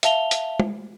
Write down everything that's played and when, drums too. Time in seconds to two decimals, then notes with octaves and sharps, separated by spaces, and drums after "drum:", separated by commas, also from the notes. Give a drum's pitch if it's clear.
0.03 E5 F5 A5 F7 G7, drum: hi-hat
0.31 drum: hi-hat
0.60 drum: tom